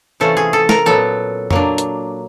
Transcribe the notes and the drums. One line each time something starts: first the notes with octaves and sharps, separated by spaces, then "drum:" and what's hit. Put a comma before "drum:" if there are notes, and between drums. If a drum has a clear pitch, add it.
C3 E3 A3 C#4 F4 A4
G#4
A4
A#4, drum: snare
A#2 F#3 B3 A4
F#3 A#3 D4, drum: tom F2
drum: hi-hat